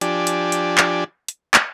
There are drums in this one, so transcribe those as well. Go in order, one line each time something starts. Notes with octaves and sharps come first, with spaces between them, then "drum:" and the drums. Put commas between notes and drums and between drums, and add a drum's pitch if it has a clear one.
F3 D4 G4 D5 G#5, drum: hi-hat
drum: hi-hat
drum: hi-hat
drum: clap
drum: hi-hat
drum: clap